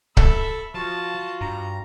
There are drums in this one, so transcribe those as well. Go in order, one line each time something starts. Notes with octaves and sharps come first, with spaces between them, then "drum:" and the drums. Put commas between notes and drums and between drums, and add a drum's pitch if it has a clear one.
A4 E5 B5, drum: kick C#1
F3 F4 F#4 A5
G2 A#5